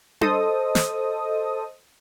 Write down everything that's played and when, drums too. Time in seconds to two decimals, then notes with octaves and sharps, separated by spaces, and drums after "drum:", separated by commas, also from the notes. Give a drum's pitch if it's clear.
0.21 A4 C5 D#5 D#6, drum: tom D4
0.75 drum: snare